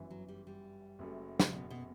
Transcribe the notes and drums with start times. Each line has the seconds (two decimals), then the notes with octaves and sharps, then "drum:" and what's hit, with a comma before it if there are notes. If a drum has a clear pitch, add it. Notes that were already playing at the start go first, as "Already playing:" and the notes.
Already playing: G1 F#2 E3
0.11 F#3
0.28 G3
0.47 G3
0.99 F#1 F#2 F#3 A3
1.40 drum: snare
1.53 B2
1.70 B2